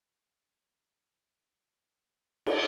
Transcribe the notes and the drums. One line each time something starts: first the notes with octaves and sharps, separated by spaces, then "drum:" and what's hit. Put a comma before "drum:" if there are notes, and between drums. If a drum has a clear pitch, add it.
B4 C#5 G#5
drum: cymbal